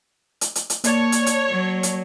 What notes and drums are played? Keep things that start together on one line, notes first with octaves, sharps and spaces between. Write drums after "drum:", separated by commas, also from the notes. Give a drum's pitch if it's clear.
drum: hi-hat
drum: hi-hat
drum: hi-hat
A#3 C#5 D5 A5, drum: hi-hat
drum: hi-hat
drum: hi-hat
F#3
drum: hi-hat